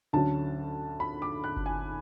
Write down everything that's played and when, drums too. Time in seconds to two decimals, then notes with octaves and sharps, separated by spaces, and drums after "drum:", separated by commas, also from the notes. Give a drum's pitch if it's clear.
0.13 D2 D3 F#3 C#4 A5
1.00 B5
1.22 D6
1.44 F#6
1.57 drum: kick G1
1.66 G#5